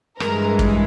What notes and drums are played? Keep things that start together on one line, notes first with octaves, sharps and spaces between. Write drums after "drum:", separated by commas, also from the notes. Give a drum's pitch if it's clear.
G2 E3 G#3 A#4, drum: rim click
drum: kick